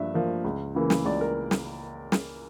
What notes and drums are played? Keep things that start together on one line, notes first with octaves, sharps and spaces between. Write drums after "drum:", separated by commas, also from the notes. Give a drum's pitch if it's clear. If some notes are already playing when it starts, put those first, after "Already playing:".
Already playing: G2 F3 A#3 E5
F3 A#3
C#2
C#3 E3 A#3
drum: snare
C#2 D5
A#4
drum: snare
drum: snare